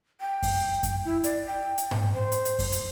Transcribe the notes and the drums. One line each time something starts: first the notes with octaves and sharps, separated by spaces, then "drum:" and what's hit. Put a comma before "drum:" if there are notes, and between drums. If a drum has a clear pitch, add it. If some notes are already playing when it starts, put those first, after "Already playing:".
G5
drum: kick F#2, open hi-hat
drum: kick F#2, hi-hat
E4
D5, drum: hi-hat
G5
drum: hi-hat
drum: tom G#2
C5
drum: hi-hat
drum: hi-hat
drum: kick F#2, open hi-hat
drum: hi-hat